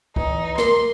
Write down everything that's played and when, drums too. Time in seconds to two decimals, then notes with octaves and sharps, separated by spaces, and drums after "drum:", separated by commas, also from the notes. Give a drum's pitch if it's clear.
0.16 E2 D#4, drum: kick C2
0.58 A#3 A#4 C6, drum: snare